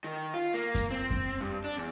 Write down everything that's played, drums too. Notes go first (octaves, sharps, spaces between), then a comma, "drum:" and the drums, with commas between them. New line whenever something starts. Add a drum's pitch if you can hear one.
D#3
F4
A#3
drum: kick F#2, hi-hat
C4
drum: kick F#2
G2
D4
E2